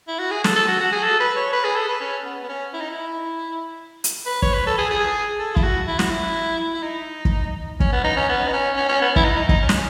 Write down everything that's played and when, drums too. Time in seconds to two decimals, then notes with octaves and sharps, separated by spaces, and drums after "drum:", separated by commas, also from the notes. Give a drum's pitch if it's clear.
0.08 E4
0.19 F#4
0.31 G#4
0.44 A4, drum: snare
0.56 A4
0.68 F#4
0.80 F#4
0.92 G#4
1.04 A4
1.20 B4
1.37 C#5
1.53 B4
1.65 G#4
1.76 A4
1.88 B4
2.01 C#4
2.24 B3
2.43 B3
2.49 C#4
2.74 E4
2.81 D#4
2.90 E4
4.04 drum: hi-hat
4.26 B4
4.42 C#5, drum: kick
4.54 B4
4.67 A4
4.78 G#4
4.90 G#4
5.39 A4
5.56 E4, drum: kick
5.63 F#4
5.87 E4
5.99 F#4, drum: snare
6.11 E4
6.74 E4
6.83 D#4
7.25 drum: kick
7.80 C#4, drum: kick
7.92 B3
8.04 D#4
8.16 C#4
8.29 B3
8.48 D#4
8.53 C#4
8.77 C#4
8.89 C#4
9.02 B3
9.16 E4, drum: kick
9.25 D#4
9.37 D#4
9.49 D#4, drum: kick
9.62 C#4
9.69 D#4, drum: snare
9.74 C#4